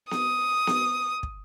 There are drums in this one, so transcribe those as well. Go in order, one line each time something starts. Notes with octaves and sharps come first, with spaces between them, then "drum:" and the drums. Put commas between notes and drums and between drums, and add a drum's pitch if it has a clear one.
D#6, drum: snare B3
drum: snare B3
drum: kick